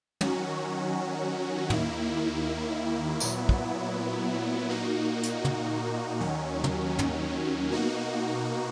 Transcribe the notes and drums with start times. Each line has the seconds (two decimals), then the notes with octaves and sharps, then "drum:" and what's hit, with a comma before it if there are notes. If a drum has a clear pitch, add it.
0.21 D#3 F#3 C#4 F#4, drum: tom
1.70 D#2 D#3 A#3 E4, drum: tom
3.20 A#2 F#3 B3 E4, drum: tambourine
3.49 drum: kick
4.70 A#2 A#3 D#4 F#4
5.23 drum: hi-hat
5.45 drum: tom
6.20 D#2 D#3 F#3 C#4
6.64 drum: tom
6.99 drum: tom
7.70 B2 A#3 D#4 F#4